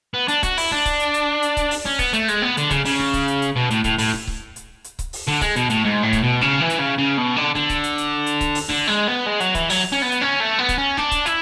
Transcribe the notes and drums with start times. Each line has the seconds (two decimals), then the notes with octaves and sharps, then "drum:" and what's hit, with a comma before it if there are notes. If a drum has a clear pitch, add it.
0.14 B3
0.28 D4, drum: hi-hat
0.43 F#4, drum: kick C#1, hi-hat
0.57 E4, drum: open hi-hat
0.71 D4, drum: snare
0.85 drum: kick C#1, hi-hat
1.00 drum: hi-hat
1.14 drum: hi-hat
1.42 drum: hi-hat
1.57 drum: kick C#1, hi-hat
1.71 drum: open hi-hat
1.85 C#4, drum: snare
1.99 B3, drum: kick C#1, hi-hat
2.13 A3, drum: hi-hat
2.28 G#3, drum: hi-hat
2.42 B3
2.57 D3, drum: hi-hat
2.70 C#3, drum: kick C#1, hi-hat
2.85 C#3, drum: open hi-hat
2.99 drum: snare
3.13 drum: kick C#1, hi-hat
3.28 drum: hi-hat
3.42 drum: hi-hat
3.56 B2
3.70 A2, drum: hi-hat
3.84 A2, drum: kick C#1, hi-hat
3.98 A2, drum: open hi-hat
4.13 drum: snare
4.27 drum: kick C#1
4.56 drum: hi-hat
4.84 drum: hi-hat
4.99 drum: kick C#1, hi-hat
5.13 drum: open hi-hat
5.27 D3, drum: snare
5.41 G#3, drum: kick C#1, hi-hat
5.56 B2, drum: hi-hat
5.70 A2, drum: hi-hat
5.84 G#2
6.03 A2
6.13 drum: kick C#1, hi-hat
6.22 B2
6.41 C#3, drum: snare
6.60 E3
6.70 drum: hi-hat
6.79 C#3
6.98 C#3
7.18 B2
7.37 D3
7.55 D3, drum: snare
7.69 drum: kick C#1, hi-hat
7.84 drum: hi-hat
7.98 drum: hi-hat
8.26 drum: hi-hat
8.41 drum: kick C#1, hi-hat
8.55 drum: open hi-hat
8.69 D3, drum: snare
8.88 G#3
9.08 B3
9.26 G#3
9.40 F#3, drum: hi-hat
9.55 E3, drum: kick C#1, hi-hat
9.70 F#3, drum: open hi-hat
9.92 C#4
10.02 B3
10.12 drum: hi-hat
10.21 C#4
10.40 A3
10.59 B3
10.69 drum: kick C#1, hi-hat
10.78 C#4
10.97 D4, drum: snare
11.11 drum: kick C#1, hi-hat
11.26 E4, drum: hi-hat